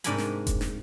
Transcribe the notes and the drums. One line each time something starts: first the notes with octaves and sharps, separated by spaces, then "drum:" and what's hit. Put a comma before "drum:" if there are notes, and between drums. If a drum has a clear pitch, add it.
G#2 C3 D4 A#4 G#5 B5, drum: hi-hat
drum: snare
drum: kick F1, hi-hat
drum: snare